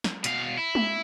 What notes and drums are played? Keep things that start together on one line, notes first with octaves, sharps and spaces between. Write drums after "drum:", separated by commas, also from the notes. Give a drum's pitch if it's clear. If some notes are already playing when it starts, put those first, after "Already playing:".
drum: snare
B2 F5, drum: hi-hat
E4
drum: tom G#3